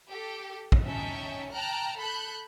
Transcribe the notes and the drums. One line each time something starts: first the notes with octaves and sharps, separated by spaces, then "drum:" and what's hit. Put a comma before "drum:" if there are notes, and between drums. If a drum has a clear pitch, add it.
G4 A4
drum: kick
C#4 D#4 E5 G5 A5
G5 A5 A#5 F6 F#6
A4 B5 F#6 G6